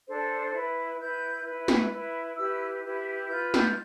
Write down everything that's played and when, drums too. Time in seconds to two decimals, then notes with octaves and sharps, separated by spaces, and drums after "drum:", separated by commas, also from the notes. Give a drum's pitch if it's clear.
0.08 D4 A4 C5
0.54 E4 B4
1.00 E4 B4 G6
1.45 E4 B4
1.68 drum: snare
1.91 E4 B4
2.37 E4 G4 B4 E6
2.83 E4 G4 B4
3.29 F4 B4 G6
3.54 G6, drum: snare